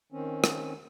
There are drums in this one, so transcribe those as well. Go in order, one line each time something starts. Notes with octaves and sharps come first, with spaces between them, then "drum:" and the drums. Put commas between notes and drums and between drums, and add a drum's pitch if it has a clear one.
D#3 C4 C#4
drum: rim click